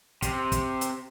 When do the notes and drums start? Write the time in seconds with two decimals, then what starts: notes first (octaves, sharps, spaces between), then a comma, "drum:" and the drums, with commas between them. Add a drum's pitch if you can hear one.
0.22 C3, drum: kick, hi-hat
0.52 drum: kick, hi-hat
0.81 drum: hi-hat